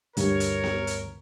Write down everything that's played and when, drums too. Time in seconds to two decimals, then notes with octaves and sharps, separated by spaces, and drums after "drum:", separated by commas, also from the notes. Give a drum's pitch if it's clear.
0.17 D2 G2 A#4 C#5, drum: hi-hat
0.40 drum: hi-hat
0.64 drum: snare B3
0.87 drum: hi-hat